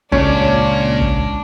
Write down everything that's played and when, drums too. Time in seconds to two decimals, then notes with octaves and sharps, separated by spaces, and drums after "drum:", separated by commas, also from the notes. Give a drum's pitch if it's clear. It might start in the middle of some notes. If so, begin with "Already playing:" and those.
0.12 C#2 A#2 C#4 D4 D5, drum: kick
1.01 drum: kick